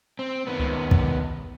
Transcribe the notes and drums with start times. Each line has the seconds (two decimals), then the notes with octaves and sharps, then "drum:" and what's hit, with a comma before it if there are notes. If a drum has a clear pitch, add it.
0.19 C4
0.47 D#3 B3
0.60 C#2
0.91 drum: kick